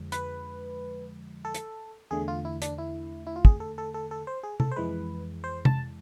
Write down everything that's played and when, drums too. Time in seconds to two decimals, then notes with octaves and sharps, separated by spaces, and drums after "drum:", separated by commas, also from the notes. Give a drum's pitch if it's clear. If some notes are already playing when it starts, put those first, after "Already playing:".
Already playing: F2 D3 F3 G#3
0.12 B4, drum: hi-hat
1.45 A4
1.55 drum: hi-hat
2.11 E2 D3 A3 G#4
2.28 F4
2.45 E4
2.62 D4, drum: hi-hat
2.78 E4
3.27 E4
3.36 F4
3.45 G#4, drum: kick
3.60 A4
3.78 A4
3.94 A4
4.11 A4
4.27 C5
4.43 G#4
4.60 A4, drum: tom C3
4.71 C5
4.76 F2 E3 G#3 B4
5.44 C5
5.65 A5, drum: tom C3